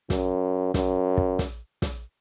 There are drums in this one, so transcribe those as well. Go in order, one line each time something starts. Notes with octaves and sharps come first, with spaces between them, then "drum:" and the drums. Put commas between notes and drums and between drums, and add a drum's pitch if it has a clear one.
F#2, drum: snare
F#2, drum: snare
drum: kick
drum: snare
drum: snare